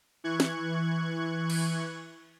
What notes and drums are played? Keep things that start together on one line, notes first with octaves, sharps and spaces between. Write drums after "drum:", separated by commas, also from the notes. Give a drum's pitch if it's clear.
E3 C#6 F#6 G#6
drum: snare
drum: cymbal